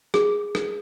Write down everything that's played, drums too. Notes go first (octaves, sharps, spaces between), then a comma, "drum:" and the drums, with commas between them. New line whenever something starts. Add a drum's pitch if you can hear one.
G#4, drum: rim click
drum: rim click